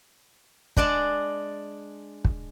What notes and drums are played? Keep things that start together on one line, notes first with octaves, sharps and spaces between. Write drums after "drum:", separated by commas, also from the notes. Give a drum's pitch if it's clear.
G#3 D4 D5 A5, drum: kick
drum: kick